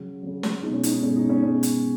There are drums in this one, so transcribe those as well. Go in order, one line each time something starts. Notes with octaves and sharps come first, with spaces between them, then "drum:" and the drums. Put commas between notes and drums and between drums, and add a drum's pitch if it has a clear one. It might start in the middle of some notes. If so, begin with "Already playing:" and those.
Already playing: C#3 F#3
C#3 F#3
drum: snare
B2 G#3 D#4
C#4
D#4, drum: hi-hat
D#4
B2 G#3 C#4
D#4
C#4
B2 G#3 C#4
drum: hi-hat